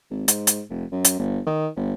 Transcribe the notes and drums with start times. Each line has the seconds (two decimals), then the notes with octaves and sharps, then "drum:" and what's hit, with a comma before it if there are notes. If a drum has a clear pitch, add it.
0.10 G#1
0.28 G#2, drum: hi-hat
0.47 drum: hi-hat
0.70 F1
0.92 F#2
1.05 drum: hi-hat
1.19 G1
1.47 D#3
1.76 G1